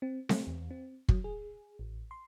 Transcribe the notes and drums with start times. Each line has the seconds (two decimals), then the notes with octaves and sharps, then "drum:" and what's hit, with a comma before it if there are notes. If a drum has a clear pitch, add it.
0.02 C4
0.29 A3, drum: snare C4
0.47 E2
0.71 C4
1.09 F#3, drum: kick
1.24 G#4
1.79 A1
2.11 C6